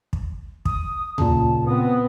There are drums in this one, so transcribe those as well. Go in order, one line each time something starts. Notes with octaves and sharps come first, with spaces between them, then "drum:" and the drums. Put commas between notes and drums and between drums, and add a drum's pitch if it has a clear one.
drum: kick
D#6, drum: kick
A#2 C#3 A5, drum: tom
B3 C4 D#6